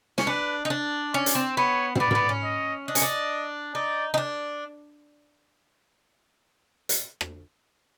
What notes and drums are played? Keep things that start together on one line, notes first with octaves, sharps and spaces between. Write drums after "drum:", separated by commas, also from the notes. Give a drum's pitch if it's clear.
C#4, drum: snare
D4 B4
D#4
D4
C#4 D5
drum: hi-hat
C4
B3 C#5
C4, drum: tom
B3 D5
A#3, drum: tom
B3
C#4
D#5
D4 D#5
C#4, drum: hi-hat
D4
D#4 D5
D#4
D4
drum: hi-hat
drum: rim click